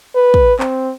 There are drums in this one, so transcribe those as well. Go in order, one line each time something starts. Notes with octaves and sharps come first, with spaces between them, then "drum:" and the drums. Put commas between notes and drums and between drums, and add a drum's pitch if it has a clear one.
B4
drum: kick
C4, drum: clap